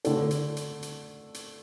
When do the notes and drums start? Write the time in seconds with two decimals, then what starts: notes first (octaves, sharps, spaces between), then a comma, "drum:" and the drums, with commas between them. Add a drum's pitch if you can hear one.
0.05 D3 A3 D4 A4, drum: hi-hat
0.31 drum: hi-hat
0.57 drum: hi-hat
0.82 drum: hi-hat
1.34 drum: hi-hat